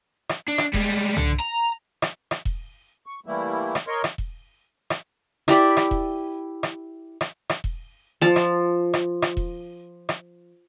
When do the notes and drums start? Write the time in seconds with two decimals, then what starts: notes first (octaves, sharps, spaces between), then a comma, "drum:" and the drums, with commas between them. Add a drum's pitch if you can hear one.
0.29 drum: rim click
0.48 D4
0.58 drum: rim click
0.74 G3 G#3, drum: kick E1
1.17 D3, drum: tom
1.40 A#5
2.02 drum: rim click
2.31 drum: rim click
2.45 drum: kick E1
3.06 C#6
3.26 E3 G3 A3 A#3 E4
3.75 drum: rim click
3.87 A#4 C#5 D#5 C6 C#6
4.04 drum: rim click
4.18 drum: kick E1
4.90 drum: rim click
5.48 E4 G4 D5 B5, drum: rim click
5.77 drum: rim click
5.91 drum: kick E1
6.63 drum: rim click
7.21 drum: rim click
7.49 drum: rim click
7.64 drum: kick E1
8.21 F3 A5
8.36 drum: rim click
8.93 drum: rim click
9.22 drum: rim click
9.37 drum: kick E1
10.09 drum: rim click